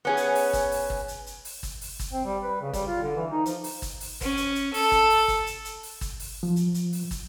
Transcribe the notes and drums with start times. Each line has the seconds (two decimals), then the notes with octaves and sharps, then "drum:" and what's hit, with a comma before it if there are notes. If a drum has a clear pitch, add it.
0.05 B3 C#4 G#4
0.17 drum: hi-hat
0.35 drum: open hi-hat
0.53 drum: kick, hi-hat
0.72 drum: open hi-hat
0.90 drum: kick
1.08 drum: hi-hat
1.26 drum: hi-hat
1.45 drum: open hi-hat
1.63 drum: kick, hi-hat
1.81 drum: open hi-hat
1.99 drum: kick, hi-hat
2.13 C4
2.25 G3
2.43 B4
2.61 C#3
2.73 G3, drum: kick, hi-hat
2.87 F4
3.02 D3
3.16 E3
3.31 D#4
3.46 F3, drum: hi-hat
3.64 drum: open hi-hat
3.82 drum: kick, hi-hat
4.00 drum: open hi-hat
4.21 C#4, drum: kick, hi-hat
4.37 drum: hi-hat
4.55 drum: hi-hat
4.74 A4, drum: open hi-hat
4.92 drum: kick, hi-hat
5.10 drum: open hi-hat
5.28 drum: kick, hi-hat
5.46 drum: hi-hat
5.65 drum: hi-hat
5.83 drum: open hi-hat
6.01 drum: kick, hi-hat
6.20 drum: open hi-hat
6.43 F3
6.56 drum: hi-hat
6.74 drum: hi-hat
6.93 drum: open hi-hat
7.11 drum: kick, hi-hat